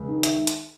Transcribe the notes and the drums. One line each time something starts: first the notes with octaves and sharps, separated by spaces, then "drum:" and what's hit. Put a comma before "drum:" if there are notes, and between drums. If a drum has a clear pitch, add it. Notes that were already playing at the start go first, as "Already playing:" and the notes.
Already playing: C#2
D#3
E5, drum: hi-hat
drum: hi-hat